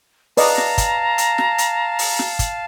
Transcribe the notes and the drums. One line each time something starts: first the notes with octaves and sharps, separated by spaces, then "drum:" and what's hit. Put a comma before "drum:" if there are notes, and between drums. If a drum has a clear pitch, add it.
B4 D5 D#5 F5 A5 A#5, drum: open hi-hat
drum: snare
drum: kick, hi-hat
drum: hi-hat
drum: snare
drum: hi-hat
drum: open hi-hat
drum: snare
drum: kick, hi-hat